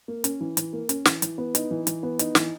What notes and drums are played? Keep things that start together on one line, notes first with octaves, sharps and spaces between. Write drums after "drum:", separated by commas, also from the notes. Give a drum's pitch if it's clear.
A#3
C#4, drum: hi-hat
E3
E3, drum: hi-hat
A#3
C#4, drum: hi-hat
E3, drum: snare
E3, drum: hi-hat
B3
D#4, drum: hi-hat
E3
E3, drum: hi-hat
B3
D#4, drum: hi-hat
E3, drum: snare